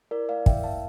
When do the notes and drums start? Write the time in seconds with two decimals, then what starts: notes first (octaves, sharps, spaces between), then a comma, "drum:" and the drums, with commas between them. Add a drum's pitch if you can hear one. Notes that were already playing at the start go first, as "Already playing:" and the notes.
0.11 E4 A#4 D5
0.29 A3 D5 F5
0.46 E4 E5 G5, drum: kick
0.63 A#3 F5 A5